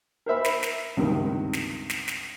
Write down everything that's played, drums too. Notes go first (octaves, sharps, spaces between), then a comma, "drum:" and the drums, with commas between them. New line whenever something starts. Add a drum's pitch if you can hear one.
A#4 C5 E5 B5
drum: snare
drum: snare
C#2 G2 C3 D#3
drum: snare
drum: snare
drum: snare